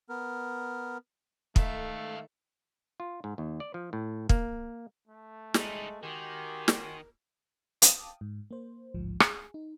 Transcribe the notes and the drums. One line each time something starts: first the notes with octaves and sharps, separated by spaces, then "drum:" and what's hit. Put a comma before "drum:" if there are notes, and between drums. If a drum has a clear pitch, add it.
B3 A#4
G#2 D#3 A3 A4 E5 F5, drum: kick
F4
G#2
D#2
D5
F3
A2
A#3, drum: kick
A3
G3 G#3 D#4, drum: snare
D#3 F#4 G4 A#4 G#5 C6
drum: snare
F5 G5 A5 D6 D#6, drum: hi-hat
G#2
A#3 C5
A1 D2 G#2 F3
G#4, drum: rim click
D#4